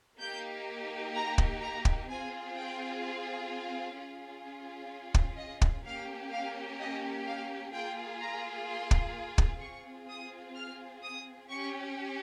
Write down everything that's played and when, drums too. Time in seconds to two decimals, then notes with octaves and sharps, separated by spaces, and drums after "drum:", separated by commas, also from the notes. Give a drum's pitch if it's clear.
0.20 A#3 D#4 G4 G6
1.15 A#5
1.38 drum: kick
1.61 A#5
1.85 drum: kick
2.08 C4 F4 G#4 G#5
2.56 G5
3.49 F5
3.97 C#4 F4 G#4
5.14 drum: kick
5.38 D#5
5.62 drum: kick
5.84 A#3 C#4 G4 F5
6.32 F5
6.79 D#5
7.26 F5
7.74 A#3 F4 G#4 G5
8.21 A#5
8.68 C6
8.91 drum: kick
9.38 drum: kick
9.61 C4 F4 G#4 C#6
10.09 D#6
10.55 F6
11.03 D#6
11.49 C#4 G4 C#6